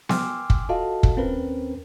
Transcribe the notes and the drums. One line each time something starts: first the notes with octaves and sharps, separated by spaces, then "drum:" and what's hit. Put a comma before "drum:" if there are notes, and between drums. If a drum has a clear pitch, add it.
G5 G#5 C6 D6 E6 F6, drum: snare B3
drum: kick
F4 F#4 A4 D#5 F5 A5
drum: kick
D#2 C4 C#4 A#4 B4